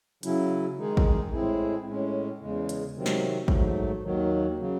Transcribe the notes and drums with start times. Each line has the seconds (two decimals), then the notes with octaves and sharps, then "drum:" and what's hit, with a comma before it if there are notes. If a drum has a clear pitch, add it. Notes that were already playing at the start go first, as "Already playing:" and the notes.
0.23 C#3 F#3 C#4 E4, drum: hi-hat
0.78 D#3 G#3 D#4 G#4
0.97 drum: kick A1
1.31 A2 G#3 C4 E4 G#4
1.86 A2 G#3 C#4
2.40 E2 C#3 G#3
2.69 drum: hi-hat
2.94 C3 D#3 F#3 C4
3.06 drum: snare
3.48 G#2 F#3 A3, drum: kick A1
4.03 D#2 D#3 F#3
4.58 C#3 F#3